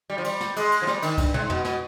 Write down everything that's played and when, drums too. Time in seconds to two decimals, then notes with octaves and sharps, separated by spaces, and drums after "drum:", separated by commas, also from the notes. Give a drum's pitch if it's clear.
0.10 G3
0.18 F3
0.24 G3, drum: cymbal
0.41 drum: snare
0.56 G#3, drum: cymbal
0.72 drum: cymbal
0.82 F3
0.87 G3, drum: snare
1.02 D#3, drum: cymbal
1.18 G2, drum: kick C2, cymbal
1.34 G#2, drum: tom
1.50 B2, drum: tom F2
1.65 B2, drum: snare